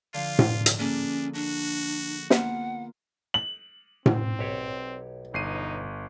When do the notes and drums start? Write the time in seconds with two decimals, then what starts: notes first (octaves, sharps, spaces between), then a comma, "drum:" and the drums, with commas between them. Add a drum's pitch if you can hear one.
0.14 D3 F3 F4 F5
0.39 drum: tom A2
0.66 drum: hi-hat
0.79 A#3 C#4 D4 G#4 A4
1.35 D4 F#4
2.30 A#3 B3 F4 F#5, drum: snare
3.34 F#7
4.06 C4, drum: tom A2
4.39 B1 G4 C#5
5.34 G1 D#4 C7 D#7